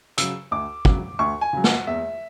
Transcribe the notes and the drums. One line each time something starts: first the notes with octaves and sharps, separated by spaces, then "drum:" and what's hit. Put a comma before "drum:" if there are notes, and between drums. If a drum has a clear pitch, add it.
C#3 F#3 E6, drum: hi-hat
D2 D6
C#3 F#3, drum: kick
D2 C#6
G#5
C#3 F#3
F#5, drum: snare
E2 E5